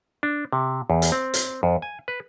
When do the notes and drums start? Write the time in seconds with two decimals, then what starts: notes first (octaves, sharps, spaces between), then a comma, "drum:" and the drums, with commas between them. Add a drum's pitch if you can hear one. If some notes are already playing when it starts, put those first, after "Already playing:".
0.23 D4
0.53 C3
0.90 E2
1.02 drum: hi-hat
1.12 C4
1.34 drum: hi-hat
1.63 F2
1.82 G#5
2.08 B4